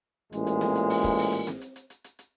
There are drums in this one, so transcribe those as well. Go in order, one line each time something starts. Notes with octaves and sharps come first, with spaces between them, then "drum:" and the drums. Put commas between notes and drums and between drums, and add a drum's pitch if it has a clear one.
A1 A#2 G#3, drum: hi-hat
drum: hi-hat
drum: snare C4
drum: hi-hat
drum: open hi-hat
drum: kick, hi-hat
drum: open hi-hat
drum: hi-hat
drum: snare C4
drum: hi-hat
drum: hi-hat
drum: hi-hat
drum: hi-hat
drum: hi-hat